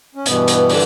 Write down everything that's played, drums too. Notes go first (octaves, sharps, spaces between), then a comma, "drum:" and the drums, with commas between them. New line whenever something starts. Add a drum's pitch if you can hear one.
C#4
G2 B2 E3 B3, drum: hi-hat
drum: hi-hat
D3 D4, drum: open hi-hat